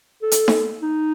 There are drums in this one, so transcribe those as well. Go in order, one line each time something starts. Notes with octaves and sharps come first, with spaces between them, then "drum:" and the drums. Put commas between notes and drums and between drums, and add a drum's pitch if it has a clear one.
A4
drum: hi-hat
drum: snare D#4
D#4